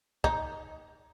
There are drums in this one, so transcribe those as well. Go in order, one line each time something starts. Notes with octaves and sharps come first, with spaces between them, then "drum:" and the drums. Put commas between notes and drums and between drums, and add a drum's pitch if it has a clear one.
D#4, drum: kick